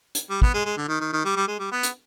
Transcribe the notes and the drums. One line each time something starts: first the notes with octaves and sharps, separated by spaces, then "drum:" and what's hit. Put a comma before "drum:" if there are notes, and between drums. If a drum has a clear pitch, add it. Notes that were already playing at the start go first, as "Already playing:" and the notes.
drum: hi-hat
G3
B3, drum: kick
G#3
G#3
D3
D#3
D#3
D#3
G3
G3
G#3
G3
B3
drum: hi-hat